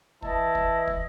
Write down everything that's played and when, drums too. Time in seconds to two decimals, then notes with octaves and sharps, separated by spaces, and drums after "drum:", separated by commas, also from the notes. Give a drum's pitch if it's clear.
0.22 E3 E4 D#5 A5, drum: kick
0.55 drum: kick
0.87 drum: kick